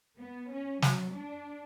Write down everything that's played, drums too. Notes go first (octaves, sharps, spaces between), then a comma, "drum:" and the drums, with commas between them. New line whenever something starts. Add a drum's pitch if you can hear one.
B3
C#4
F#3, drum: snare
D4